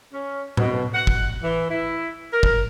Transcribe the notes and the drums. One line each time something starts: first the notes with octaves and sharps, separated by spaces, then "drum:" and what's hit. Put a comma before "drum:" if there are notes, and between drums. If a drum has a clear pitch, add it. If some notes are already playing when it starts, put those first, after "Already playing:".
C#4
B2, drum: tom A2
F#5
drum: kick
E3
E4
A#4
drum: kick